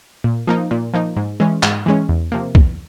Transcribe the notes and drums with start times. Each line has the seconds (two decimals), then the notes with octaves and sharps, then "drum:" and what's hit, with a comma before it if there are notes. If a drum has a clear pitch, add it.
0.24 A#2
0.47 F3 A#3 D#4
0.71 A#2
0.94 F3 A#3 D#4
1.16 G#2
1.40 E3 G#3 C#4
1.63 G#2, drum: clap
1.86 E3 G#3 C#4
2.09 E2
2.32 C3 F3 A#3
2.55 E2, drum: kick B1